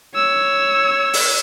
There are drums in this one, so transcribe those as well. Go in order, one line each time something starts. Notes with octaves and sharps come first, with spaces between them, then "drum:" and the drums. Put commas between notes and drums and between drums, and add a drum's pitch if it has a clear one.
C#5 E6
drum: open hi-hat